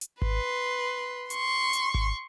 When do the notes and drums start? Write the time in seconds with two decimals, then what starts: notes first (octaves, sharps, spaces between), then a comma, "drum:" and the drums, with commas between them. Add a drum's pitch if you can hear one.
0.01 drum: hi-hat
0.22 B4 C6, drum: kick G#1
1.30 C6 C#6, drum: hi-hat
1.73 drum: hi-hat
1.94 drum: kick G#1